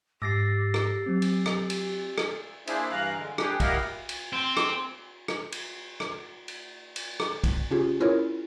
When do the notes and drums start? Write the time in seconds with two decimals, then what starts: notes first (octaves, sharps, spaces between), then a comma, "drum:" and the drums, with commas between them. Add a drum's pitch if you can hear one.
0.22 G#2 G4 D6 E6 A6 A#6 C7
0.74 drum: rim click
1.06 F#3 C4
1.22 drum: cymbal
1.46 drum: rim click
1.70 drum: cymbal
2.18 drum: rim click
2.67 A#3 D4 E4 G#4 C5 E5, drum: cymbal
2.90 G2 E3 F5 A#5 F#6
3.17 D3 G#3
3.38 D4 G4 G#4 B4 G5, drum: rim click
3.60 E4 G4 A#4 D#5 F5 F#5, drum: kick, cymbal
4.09 drum: cymbal
4.33 C4
4.57 drum: rim click
5.28 drum: rim click
5.52 drum: cymbal
6.00 drum: rim click
6.48 drum: cymbal
6.96 drum: cymbal
7.20 drum: rim click
7.44 drum: kick, cymbal
7.71 C#3 C#4 F4 G4 G#4
8.00 C#4 E4 F4 G#4 A#4 C#5